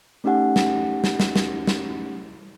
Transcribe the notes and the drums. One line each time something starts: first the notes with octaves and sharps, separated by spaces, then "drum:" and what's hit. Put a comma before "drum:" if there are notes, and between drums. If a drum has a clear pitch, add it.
A3 C#4 D#4 G4 F#5 G#5
drum: snare
drum: snare
drum: snare
drum: snare
drum: snare